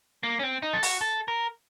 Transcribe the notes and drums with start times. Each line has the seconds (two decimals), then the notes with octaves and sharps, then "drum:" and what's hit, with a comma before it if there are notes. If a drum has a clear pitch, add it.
0.23 A#3
0.39 C#4
0.43 C4
0.62 D#4
0.73 A4
0.83 F#4, drum: open hi-hat
1.01 A4
1.28 A#4